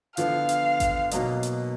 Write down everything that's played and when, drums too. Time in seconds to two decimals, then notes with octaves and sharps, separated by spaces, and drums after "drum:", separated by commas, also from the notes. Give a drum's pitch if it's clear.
0.17 D3 F3 B3 F5, drum: hi-hat
0.49 drum: hi-hat
0.80 drum: kick G#1, hi-hat
1.11 B2 F#3 A#3 D#4, drum: hi-hat
1.43 drum: hi-hat